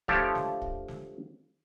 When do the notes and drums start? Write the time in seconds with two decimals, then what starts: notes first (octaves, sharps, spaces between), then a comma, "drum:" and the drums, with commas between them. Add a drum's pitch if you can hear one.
0.08 F3 A3 D4 G4 A4 C#5, drum: kick
0.35 drum: snare
0.62 drum: kick
0.88 drum: snare